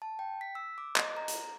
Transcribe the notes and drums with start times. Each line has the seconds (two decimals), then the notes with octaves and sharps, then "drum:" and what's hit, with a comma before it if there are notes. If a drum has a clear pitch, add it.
0.02 A5
0.19 G5
0.41 B6
0.55 E6
0.78 D6
0.96 D#5, drum: clap
1.17 A#5
1.28 drum: hi-hat